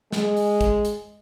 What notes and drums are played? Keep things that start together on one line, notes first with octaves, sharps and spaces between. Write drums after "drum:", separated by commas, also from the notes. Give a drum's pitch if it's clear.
G#3, drum: snare
drum: open hi-hat
drum: kick, hi-hat
drum: hi-hat